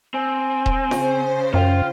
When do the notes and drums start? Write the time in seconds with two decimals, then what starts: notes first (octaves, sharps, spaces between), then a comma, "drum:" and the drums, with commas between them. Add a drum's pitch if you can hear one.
0.14 C4 G#5
0.66 drum: kick D#1
0.91 C#3 C5, drum: snare F4
1.54 F#2 F4 G5